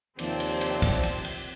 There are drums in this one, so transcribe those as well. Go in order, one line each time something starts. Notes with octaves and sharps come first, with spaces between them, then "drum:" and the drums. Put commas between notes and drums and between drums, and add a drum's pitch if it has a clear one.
D#2 C3 F3 C4 D5, drum: cymbal
drum: cymbal
drum: cymbal
drum: kick, cymbal
drum: cymbal
drum: cymbal